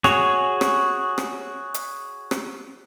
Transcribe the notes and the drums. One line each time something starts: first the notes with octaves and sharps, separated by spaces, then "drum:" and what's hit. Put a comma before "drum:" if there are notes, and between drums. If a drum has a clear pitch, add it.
F#4 G#4 C#5, drum: rim click
drum: rim click
drum: rim click
drum: hi-hat
drum: rim click